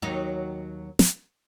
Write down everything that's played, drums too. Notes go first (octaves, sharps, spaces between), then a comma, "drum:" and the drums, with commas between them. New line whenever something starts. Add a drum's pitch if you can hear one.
D#2 F#3 D#4
drum: snare